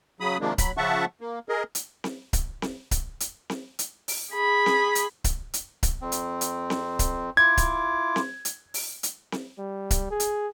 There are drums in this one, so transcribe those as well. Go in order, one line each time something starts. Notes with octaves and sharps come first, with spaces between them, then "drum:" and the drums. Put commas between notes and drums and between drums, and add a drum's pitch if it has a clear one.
C#3 F#3 B5 D#6
C3 D#3 F3 G#3 A#3 D4
F#3 B5, drum: kick C#1, hi-hat
C#3 F3 E5 F#5 A5 C#6
A#3
G#4 A#4 D#5
drum: hi-hat
drum: snare C4
drum: kick C#1, hi-hat
drum: snare C4
drum: kick C#1, hi-hat
drum: hi-hat
drum: snare C4
drum: hi-hat
drum: open hi-hat
G#4 B5
drum: snare C4
drum: hi-hat
drum: kick C#1, hi-hat
drum: hi-hat
drum: kick C#1, hi-hat
F2 C4
drum: hi-hat
drum: hi-hat
drum: snare C4
drum: kick C#1, hi-hat
E4 F4 D6 G#6
drum: kick C#1, hi-hat
drum: snare C4
drum: hi-hat
drum: open hi-hat
drum: hi-hat
drum: snare C4
G3
drum: kick C#1, hi-hat
G#4
drum: hi-hat